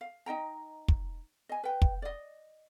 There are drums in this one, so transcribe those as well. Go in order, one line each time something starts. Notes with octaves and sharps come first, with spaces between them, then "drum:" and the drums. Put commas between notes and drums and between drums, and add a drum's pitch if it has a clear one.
F5
D#4 D#5 G5 A#5
drum: kick
D#5 G#5
B4 G5
drum: kick
D5 D#5